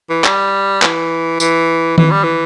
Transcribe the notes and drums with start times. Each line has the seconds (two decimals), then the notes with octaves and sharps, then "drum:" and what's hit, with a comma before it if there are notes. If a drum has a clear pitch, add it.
0.10 E3
0.24 G3, drum: clap
0.82 E3, drum: clap
1.40 E3, drum: tambourine
1.98 E3, drum: tom D#3
2.11 G3
2.23 E3